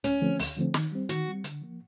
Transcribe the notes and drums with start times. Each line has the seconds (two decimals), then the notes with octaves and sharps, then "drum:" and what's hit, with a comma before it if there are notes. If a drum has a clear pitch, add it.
0.04 D2 C#4, drum: hi-hat
0.21 D3 F3 A3 C4
0.39 D2, drum: open hi-hat
0.57 D3 F3 A3 C4
0.74 D#3, drum: snare
0.92 G3 C4
1.09 D#3 F#4, drum: hi-hat
1.27 G3 C4
1.44 D3, drum: hi-hat
1.62 F3 A#3